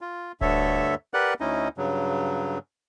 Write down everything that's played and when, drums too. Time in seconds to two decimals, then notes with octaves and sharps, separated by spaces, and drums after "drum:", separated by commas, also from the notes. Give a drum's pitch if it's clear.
0.01 F4
0.41 D2 G2 D3 A4 C#5 E5, drum: kick D1
1.14 G4 A#4 B4 D5 F#5 F#6
1.40 D2 C#4 D#4 E4 D#5
1.78 G2 C#3 F#3